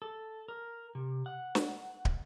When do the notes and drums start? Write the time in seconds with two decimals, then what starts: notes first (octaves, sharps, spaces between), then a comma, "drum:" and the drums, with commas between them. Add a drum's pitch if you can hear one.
0.02 A4
0.48 A#4
0.95 C3
1.26 F#5
1.55 drum: snare
2.05 drum: kick